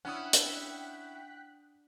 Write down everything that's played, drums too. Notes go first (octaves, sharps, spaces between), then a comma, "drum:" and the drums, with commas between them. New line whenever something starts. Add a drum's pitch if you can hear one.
C#4 D4 E4 F#5 G5 D#6 F#6 B6
drum: hi-hat